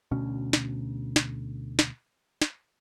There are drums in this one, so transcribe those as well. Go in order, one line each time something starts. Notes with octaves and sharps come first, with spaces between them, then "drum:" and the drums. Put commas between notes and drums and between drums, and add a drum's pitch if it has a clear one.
D2 B2 C#4
drum: snare
drum: snare
drum: snare
drum: snare